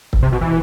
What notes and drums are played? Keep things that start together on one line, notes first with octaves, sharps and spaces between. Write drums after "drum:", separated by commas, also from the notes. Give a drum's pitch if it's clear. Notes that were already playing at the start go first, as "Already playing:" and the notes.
drum: kick
C3
B2
E3